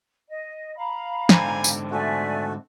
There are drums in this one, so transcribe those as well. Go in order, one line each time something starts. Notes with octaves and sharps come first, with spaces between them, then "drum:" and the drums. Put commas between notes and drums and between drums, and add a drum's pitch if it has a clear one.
D#5
F5 A#5 B5
G#2 D3 C4 G#5, drum: snare
drum: tambourine
A3 F#4 D5 E5 G#5